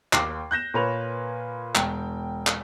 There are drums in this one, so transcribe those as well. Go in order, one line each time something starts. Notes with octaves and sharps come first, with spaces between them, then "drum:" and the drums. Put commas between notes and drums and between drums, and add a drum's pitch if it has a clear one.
D#2 G5 D6 C7, drum: clap
F#6 G6 A#6 E7
A#2 A#4 B4 C#5 F7
E1 G5, drum: clap
drum: clap